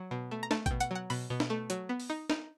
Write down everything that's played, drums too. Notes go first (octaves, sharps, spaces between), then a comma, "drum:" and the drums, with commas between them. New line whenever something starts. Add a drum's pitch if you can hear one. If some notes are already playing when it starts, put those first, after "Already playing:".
Already playing: F#3
B2
A3
A#5
A3 A5, drum: snare
B2 G5, drum: kick A1, hi-hat
F#5, drum: hi-hat
F#3 F#5
B2 B5, drum: open hi-hat
B2
drum: snare
A3
F#3, drum: hi-hat
B3
drum: open hi-hat
D#4
D#4, drum: snare